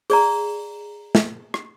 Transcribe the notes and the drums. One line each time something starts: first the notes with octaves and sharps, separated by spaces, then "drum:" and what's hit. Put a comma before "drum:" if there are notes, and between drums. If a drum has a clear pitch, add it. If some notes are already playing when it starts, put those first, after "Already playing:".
G#4 D5 A#5, drum: open hi-hat
drum: snare
drum: rim click